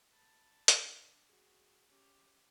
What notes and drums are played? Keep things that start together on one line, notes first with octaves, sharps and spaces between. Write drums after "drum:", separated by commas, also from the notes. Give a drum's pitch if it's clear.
A5 B5
drum: hi-hat
D4
F#4 G#4
C#4 G4